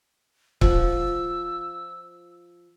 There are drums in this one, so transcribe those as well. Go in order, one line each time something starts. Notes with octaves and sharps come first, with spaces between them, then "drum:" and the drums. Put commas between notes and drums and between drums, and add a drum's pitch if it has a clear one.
F3 F#5 E6, drum: kick C#1